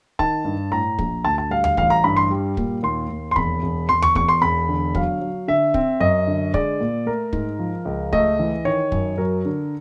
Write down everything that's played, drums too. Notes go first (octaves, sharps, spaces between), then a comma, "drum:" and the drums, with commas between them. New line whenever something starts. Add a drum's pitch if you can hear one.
D#3 A5, drum: kick
G2
A2 A#5
A#1, drum: kick
D2 A5
A5
G3 F5
F5, drum: tom D#2
A1 F5, drum: kick
A#5
G2 B5
C6
G3
A#2, drum: kick
D#2 C6
D#2
C6
E1 B5, drum: kick
E1
E1 C6
C#6, drum: tom D#2
E2 C#6, drum: kick
C6
E1 B5
D3
F#3 F5, drum: kick
F#3
D3 E5
C4, drum: kick
F#2 D#5
D3
G#3 D5, drum: kick
A#2
A3 A#4
G#2, drum: kick
F3
C#2
A3 D#5, drum: kick
E3
D#3 C#5
F#2, drum: kick
F#3 A#4
D3